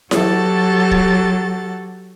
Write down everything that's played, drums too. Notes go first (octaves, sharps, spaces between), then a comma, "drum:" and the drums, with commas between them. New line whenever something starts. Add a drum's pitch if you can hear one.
F#3 F#4 G4 A4 A6, drum: snare E4
drum: kick